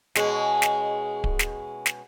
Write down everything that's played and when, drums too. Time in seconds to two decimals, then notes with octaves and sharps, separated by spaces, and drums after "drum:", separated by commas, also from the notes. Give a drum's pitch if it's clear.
0.15 B2 G#3 C#4, drum: snare
0.62 drum: snare
1.24 drum: kick D1
1.39 drum: snare
1.86 drum: snare